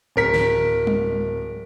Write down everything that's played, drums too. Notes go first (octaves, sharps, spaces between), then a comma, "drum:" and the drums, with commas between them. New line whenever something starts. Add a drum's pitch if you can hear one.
D1 A#4 B6
drum: snare
drum: tom G3